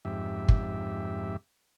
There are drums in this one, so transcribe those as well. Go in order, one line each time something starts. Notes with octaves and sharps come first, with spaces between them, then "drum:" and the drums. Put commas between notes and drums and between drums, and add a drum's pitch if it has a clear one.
F2 G#2 G4 E5
drum: kick